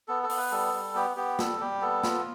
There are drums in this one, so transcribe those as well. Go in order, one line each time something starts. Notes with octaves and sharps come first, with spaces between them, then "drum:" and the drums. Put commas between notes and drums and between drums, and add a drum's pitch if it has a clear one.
B3 A4
A4
B3, drum: open hi-hat
B4
G3 A4
G3
B3 G4
B3 G4
G3 A4, drum: snare
G3 G4
B3 A4
F4, drum: snare